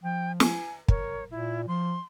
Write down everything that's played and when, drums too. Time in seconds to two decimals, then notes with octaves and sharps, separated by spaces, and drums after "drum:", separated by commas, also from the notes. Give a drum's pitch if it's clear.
0.03 F3 G5
0.40 G#5, drum: snare
0.88 A#4 C#5, drum: kick
1.31 A#2 E4
1.68 F3 C6